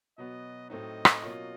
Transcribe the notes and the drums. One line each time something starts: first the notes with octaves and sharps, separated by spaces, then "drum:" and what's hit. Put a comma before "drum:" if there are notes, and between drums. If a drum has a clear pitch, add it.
B2 F#3 B3 D#5
A2 F#3 A3 C4 D#4 D#5
drum: rim click
B2 F#3 A#3 C#4 F4